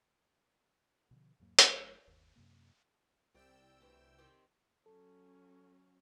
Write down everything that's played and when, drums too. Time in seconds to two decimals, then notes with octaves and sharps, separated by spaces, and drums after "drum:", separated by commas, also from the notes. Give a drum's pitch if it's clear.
1.11 B2 D3 F3
1.40 E2 G#2 F#3 A#3
1.59 G1 F#3 A3, drum: hi-hat
2.08 G1 D#2
2.36 F#2 C3 A#3
3.34 C2 C4 G4 D5 G5 E6
3.81 D2 C3 E3
4.18 D#3 C4 G4
4.86 F#3 C#4 A4